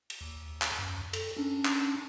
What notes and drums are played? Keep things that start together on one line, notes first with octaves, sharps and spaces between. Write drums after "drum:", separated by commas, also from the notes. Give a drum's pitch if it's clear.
drum: cymbal
D#2
drum: clap
F#2
A4, drum: cymbal
C#4 D4
drum: clap